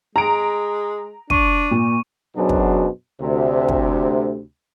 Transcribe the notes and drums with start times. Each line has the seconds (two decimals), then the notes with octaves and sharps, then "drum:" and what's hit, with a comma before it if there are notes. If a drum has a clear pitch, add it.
0.16 G#3 A#5 D7
1.30 D4 C#6 D#7, drum: kick
1.71 A#2
2.36 F#2 B2 F#3 D4 G#4 C5
2.49 drum: kick
3.21 D2 C3
3.69 drum: kick